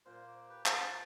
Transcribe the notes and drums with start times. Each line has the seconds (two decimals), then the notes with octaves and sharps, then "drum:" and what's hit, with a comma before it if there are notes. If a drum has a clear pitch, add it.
0.06 A#2 A#4 C5 A#5
0.28 D6
0.49 G4 B4
0.66 A5 C6, drum: clap
0.86 F4 B4 C5